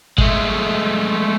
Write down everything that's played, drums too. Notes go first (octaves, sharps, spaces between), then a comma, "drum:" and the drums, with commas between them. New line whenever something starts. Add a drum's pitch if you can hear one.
G#3 A3, drum: kick